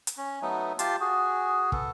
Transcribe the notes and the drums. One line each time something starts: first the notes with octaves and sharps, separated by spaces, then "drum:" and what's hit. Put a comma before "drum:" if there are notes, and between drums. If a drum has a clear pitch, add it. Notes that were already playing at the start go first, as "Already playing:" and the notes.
drum: hi-hat
C#4
F#3 A3 B3 D#4
F4 G4 A5 C6, drum: hi-hat
F#4 G#4
B3 A4, drum: kick